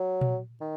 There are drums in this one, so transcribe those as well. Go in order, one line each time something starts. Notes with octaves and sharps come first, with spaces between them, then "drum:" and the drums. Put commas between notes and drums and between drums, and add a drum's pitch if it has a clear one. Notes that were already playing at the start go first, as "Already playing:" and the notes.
Already playing: F#3
drum: tom A#2
D#3